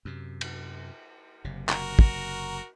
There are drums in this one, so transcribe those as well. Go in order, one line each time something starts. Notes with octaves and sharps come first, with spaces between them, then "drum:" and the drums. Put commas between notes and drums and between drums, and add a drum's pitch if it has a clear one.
F#2 C3
drum: cymbal
F#1 C3
F#4 A#4, drum: clap
drum: kick